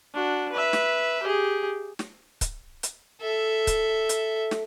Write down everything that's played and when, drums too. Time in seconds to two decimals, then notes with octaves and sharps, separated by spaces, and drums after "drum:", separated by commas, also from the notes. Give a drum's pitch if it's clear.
0.14 D4 F#4
0.52 B4 E5
0.73 drum: snare
1.23 G4 G#4
1.99 drum: snare
2.41 drum: kick C#1, hi-hat
2.83 drum: hi-hat
3.22 A4 E5
3.67 drum: kick C#1, hi-hat
4.09 drum: hi-hat
4.51 drum: snare